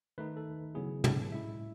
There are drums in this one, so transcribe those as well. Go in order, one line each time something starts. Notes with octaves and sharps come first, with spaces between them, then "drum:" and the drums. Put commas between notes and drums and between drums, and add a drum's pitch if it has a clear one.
D#3 A3 D#4 B4
A4
C#3 F#3 B3 E4 G#4
A4, drum: tom
A2 G#3 C#4 E4 E5